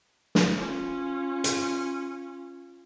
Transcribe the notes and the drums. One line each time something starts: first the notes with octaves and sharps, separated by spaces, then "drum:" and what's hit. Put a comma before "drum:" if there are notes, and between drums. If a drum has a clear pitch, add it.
drum: snare
C#4 F4
drum: hi-hat